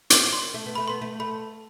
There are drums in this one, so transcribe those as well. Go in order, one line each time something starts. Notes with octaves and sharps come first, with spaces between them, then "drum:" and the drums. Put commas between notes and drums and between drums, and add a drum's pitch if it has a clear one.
D6, drum: hi-hat
C6
A3
B3
A3 B5
B3 C6
A3
A3 B5